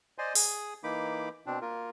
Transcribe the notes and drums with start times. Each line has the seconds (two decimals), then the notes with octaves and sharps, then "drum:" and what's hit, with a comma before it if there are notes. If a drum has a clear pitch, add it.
0.18 C5 D5 D#5 G#5 C6
0.35 G#4 D#6, drum: open hi-hat
0.84 E3 A#3 D#4 B5 D6
1.46 B2 C4 D4
1.62 A#3 F4 A#4